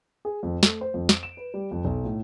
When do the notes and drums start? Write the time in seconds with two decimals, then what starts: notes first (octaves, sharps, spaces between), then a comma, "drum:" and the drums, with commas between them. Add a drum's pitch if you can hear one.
0.25 G#4
0.43 F2
0.63 A3, drum: snare
0.81 C5
0.94 F2
1.09 D7, drum: snare
1.23 E7
1.37 B4
1.54 G3
1.71 F2
1.85 B1
2.05 A2